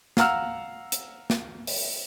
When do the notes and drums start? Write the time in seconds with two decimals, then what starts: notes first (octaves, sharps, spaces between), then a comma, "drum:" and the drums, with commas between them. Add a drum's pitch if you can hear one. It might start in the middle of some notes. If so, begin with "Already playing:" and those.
0.17 F5 F#5 A#5 E6 F6, drum: snare
0.92 drum: hi-hat
1.30 drum: snare
1.67 drum: open hi-hat